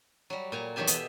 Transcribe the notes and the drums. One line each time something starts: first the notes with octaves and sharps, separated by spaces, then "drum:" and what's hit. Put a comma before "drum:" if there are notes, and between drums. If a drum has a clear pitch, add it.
F#3 G3
A#2 G#5 A#5
E2 D#3 F#3 G4 G#5 A5
B2 D#5 E5, drum: hi-hat